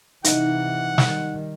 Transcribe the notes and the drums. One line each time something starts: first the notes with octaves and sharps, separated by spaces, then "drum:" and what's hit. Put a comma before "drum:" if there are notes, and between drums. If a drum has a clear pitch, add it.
C3 E3 D#4 F#5, drum: hi-hat
D#3 G3, drum: snare